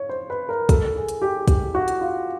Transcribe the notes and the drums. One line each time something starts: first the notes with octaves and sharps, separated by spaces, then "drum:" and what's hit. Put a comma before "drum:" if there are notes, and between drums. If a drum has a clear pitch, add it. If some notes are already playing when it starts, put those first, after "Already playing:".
Already playing: C#5
C5
B4
A#4
A4, drum: kick, hi-hat
G#4
drum: hi-hat
G4
G4, drum: kick, hi-hat
F#4
drum: hi-hat
F4